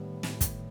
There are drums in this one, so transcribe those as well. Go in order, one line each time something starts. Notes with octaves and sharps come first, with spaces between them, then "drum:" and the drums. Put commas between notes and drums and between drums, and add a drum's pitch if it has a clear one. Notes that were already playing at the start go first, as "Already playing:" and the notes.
Already playing: A2 D#3 G3 B3
A2, drum: snare
drum: kick, hi-hat